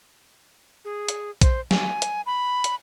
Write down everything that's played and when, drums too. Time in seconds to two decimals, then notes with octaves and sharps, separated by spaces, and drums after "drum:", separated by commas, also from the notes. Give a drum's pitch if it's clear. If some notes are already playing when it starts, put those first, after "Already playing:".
0.85 G#4
1.08 drum: hi-hat
1.41 C5, drum: kick A#1, hi-hat
1.71 G#5, drum: snare
2.02 drum: hi-hat
2.26 B5
2.64 drum: hi-hat